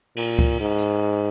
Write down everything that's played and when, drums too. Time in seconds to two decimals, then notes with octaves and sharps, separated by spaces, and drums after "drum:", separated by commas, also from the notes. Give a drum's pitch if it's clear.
0.16 A#2, drum: cymbal
0.39 drum: kick C#2
0.60 G#2
0.78 drum: hi-hat